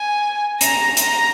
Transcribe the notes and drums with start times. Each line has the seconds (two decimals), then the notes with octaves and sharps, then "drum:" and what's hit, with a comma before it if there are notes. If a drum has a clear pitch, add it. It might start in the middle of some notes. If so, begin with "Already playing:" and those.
Already playing: G#5
0.61 A#5, drum: hi-hat
0.97 A#5, drum: hi-hat